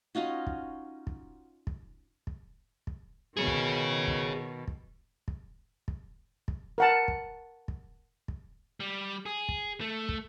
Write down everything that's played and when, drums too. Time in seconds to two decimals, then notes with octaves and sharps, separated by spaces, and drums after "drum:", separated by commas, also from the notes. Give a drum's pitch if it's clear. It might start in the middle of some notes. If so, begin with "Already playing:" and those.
0.15 C#4 D#4 F4 F#4
0.47 drum: kick
1.07 drum: kick
1.67 drum: kick
2.27 drum: kick
2.87 drum: kick
3.37 B2 D#3 G#4 C#5
3.47 drum: kick
4.07 drum: kick
4.68 drum: kick
5.28 drum: kick
5.88 drum: kick
6.48 drum: kick
6.78 A#4 F#5 A5
7.08 drum: kick
7.68 drum: kick
8.28 drum: kick
8.80 G3
9.26 G#4
9.49 drum: kick
9.81 A3
10.09 drum: kick